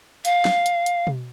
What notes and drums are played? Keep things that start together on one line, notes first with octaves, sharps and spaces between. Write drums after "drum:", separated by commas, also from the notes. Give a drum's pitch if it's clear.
F5, drum: hi-hat
drum: snare
drum: hi-hat
drum: hi-hat
drum: tom B2